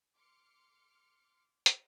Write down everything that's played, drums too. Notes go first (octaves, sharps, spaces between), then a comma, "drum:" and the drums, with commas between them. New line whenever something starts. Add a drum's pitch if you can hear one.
C6 D6 F6 C#7
drum: hi-hat